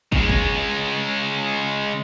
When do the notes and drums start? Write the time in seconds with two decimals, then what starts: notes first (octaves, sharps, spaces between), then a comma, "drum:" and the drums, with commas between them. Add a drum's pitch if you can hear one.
0.12 C#3 G#3, drum: kick
0.29 drum: kick